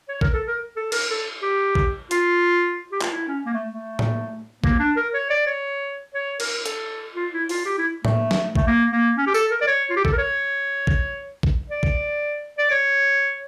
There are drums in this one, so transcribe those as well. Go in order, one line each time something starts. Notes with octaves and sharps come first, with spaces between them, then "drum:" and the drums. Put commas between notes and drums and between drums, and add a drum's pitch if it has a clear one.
C#5
A#4, drum: kick
A4
A#4
A4
A#4, drum: cymbal
A4
G4
drum: kick
F4, drum: hi-hat
G4
F4, drum: clap
E4
C#4
A#3
A3
A3
drum: tom A2
A#3, drum: kick
D4
A#4
C#5
D5
C#5
C#5
A#4, drum: cymbal
A4, drum: hi-hat
F4
E4
F4, drum: open hi-hat
G4
E4
A3, drum: tom A2
drum: snare
A3, drum: kick
A#3
A#3
C#4
G4
A4, drum: tambourine
A#4
D5
C#5
F4
G4
A4, drum: kick
A#4
C#5
drum: kick
drum: kick
D5
drum: kick
D5
C#5